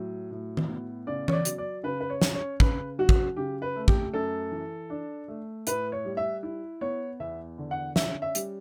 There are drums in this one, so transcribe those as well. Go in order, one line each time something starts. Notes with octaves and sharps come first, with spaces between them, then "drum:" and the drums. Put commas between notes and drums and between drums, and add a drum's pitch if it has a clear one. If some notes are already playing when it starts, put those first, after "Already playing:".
Already playing: A2 F#3
A2
drum: tom D#3
B3
C#3 D5
C#5, drum: tom E3
D5
F#3, drum: hi-hat
D5
C#3 B4
B4
C#5
C#4, drum: snare
C#5
C#3 B4, drum: kick
F#3 F#4
drum: kick
C#3 G4
B4
A3
G4, drum: kick
F#2 A4
E3
D4
A3
A2 B4, drum: hi-hat
C#5
G3
E5
E4
B3 C#5
E2 E5
D3
F#5
C#4 E5, drum: snare
E5
G3, drum: hi-hat